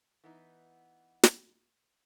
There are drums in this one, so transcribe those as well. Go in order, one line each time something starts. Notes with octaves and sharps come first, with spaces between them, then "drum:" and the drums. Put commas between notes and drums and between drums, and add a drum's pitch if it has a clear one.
E3 B3 D#4
drum: snare